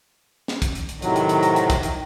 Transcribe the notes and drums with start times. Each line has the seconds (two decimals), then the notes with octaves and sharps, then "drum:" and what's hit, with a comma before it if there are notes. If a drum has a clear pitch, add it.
0.48 drum: snare
0.62 drum: kick, hi-hat
0.75 drum: hi-hat
0.89 drum: hi-hat
1.02 A2 C3 D#3 F#3, drum: hi-hat
1.16 drum: hi-hat
1.29 drum: hi-hat
1.43 drum: hi-hat
1.56 drum: hi-hat
1.70 drum: kick, hi-hat
1.83 drum: hi-hat